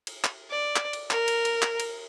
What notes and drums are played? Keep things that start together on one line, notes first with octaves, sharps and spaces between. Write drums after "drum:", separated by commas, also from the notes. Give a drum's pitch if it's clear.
drum: cymbal
drum: clap
D5
drum: clap
drum: cymbal
A#4, drum: clap
drum: cymbal
drum: cymbal
drum: clap
drum: cymbal